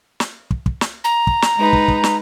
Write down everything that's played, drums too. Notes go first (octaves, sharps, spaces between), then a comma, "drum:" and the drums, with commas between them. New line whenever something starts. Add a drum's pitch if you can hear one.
drum: snare
drum: kick
drum: kick
drum: snare
A#5
drum: kick
drum: snare
G#3 D#4 B4
drum: kick
drum: kick
drum: snare